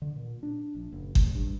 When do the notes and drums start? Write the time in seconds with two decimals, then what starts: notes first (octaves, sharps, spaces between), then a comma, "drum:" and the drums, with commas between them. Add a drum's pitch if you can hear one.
0.02 D3
0.16 A#2
0.43 D4
0.75 A#1
0.92 F#1
1.15 A1, drum: kick G1
1.35 G2